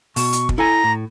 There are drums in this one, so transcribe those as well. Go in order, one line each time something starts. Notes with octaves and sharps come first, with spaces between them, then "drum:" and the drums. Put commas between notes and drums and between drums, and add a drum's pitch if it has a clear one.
B2 C#6, drum: open hi-hat
drum: hi-hat
drum: kick
E4 A4 G#5 A#5
A2